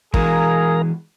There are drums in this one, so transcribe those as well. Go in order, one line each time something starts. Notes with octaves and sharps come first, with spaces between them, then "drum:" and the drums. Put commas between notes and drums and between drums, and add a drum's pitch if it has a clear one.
E3 G#3 G#4 A#4 F5 A#5, drum: kick